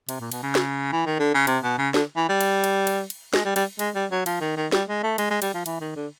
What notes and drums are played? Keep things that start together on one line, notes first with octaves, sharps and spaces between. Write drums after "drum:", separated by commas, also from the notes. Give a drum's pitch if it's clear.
C3, drum: cymbal
A#2
B2, drum: cymbal
C#3
drum: snare
E3
D#3
D3
C#3
C3, drum: cymbal
B2
C#3
D3, drum: snare
E3
G3
drum: cymbal
drum: cymbal
drum: cymbal
drum: cymbal
G#3, drum: snare
G3
G3, drum: cymbal
G#3, drum: cymbal
G3
F#3
F3, drum: cymbal
D#3
D#3
G3, drum: snare
G#3
A3
G#3, drum: cymbal
G#3
G3, drum: cymbal
F3
E3, drum: cymbal
D#3
D3